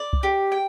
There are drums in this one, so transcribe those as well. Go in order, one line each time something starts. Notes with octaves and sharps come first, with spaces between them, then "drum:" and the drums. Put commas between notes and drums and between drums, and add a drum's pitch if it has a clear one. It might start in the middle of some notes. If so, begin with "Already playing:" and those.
Already playing: D5
drum: kick C2
G4
G5